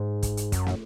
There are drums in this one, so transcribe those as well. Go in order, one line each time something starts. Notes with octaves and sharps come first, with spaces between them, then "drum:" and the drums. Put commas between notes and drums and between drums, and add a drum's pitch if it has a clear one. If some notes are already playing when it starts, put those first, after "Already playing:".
Already playing: G#2
drum: kick, hi-hat
drum: hi-hat
F#2, drum: kick, hi-hat
drum: snare